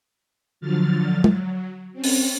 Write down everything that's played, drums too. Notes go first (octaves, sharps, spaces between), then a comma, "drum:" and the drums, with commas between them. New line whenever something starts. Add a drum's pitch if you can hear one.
D3 F3 F#3 F6 A6
F#3, drum: tom
C4 C#4
drum: open hi-hat